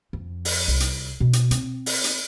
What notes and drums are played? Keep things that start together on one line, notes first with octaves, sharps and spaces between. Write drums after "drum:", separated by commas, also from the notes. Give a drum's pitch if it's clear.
F2
drum: open hi-hat
C2
drum: hi-hat
B2
drum: hi-hat
C4, drum: hi-hat
drum: open hi-hat
drum: hi-hat